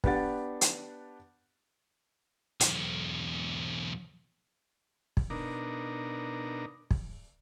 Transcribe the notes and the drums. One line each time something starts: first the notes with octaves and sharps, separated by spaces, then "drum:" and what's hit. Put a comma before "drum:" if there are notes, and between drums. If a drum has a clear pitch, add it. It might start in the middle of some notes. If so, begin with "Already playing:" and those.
B3 D4 G4 F#5 A6, drum: kick
drum: hi-hat
B1 E2, drum: hi-hat
drum: kick
B2 D4 D#4 A#4
drum: kick